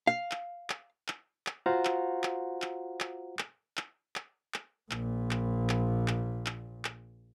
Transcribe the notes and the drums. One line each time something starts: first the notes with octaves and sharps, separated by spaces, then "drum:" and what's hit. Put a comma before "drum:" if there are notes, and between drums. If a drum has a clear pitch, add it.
F5
drum: clap
drum: clap
drum: clap
drum: clap
F4 F#4 C5 F5 F#5 A#5
drum: clap
drum: clap
drum: clap
drum: clap
drum: clap
drum: clap
drum: clap
drum: clap
A#1 A#2, drum: clap
drum: clap
drum: clap
drum: clap
drum: clap
drum: clap